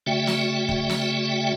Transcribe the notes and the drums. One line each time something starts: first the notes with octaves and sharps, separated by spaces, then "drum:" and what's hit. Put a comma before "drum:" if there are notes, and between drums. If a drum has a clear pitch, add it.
C#3 A3 F#4 D5 E5 G5
drum: snare
drum: kick
drum: snare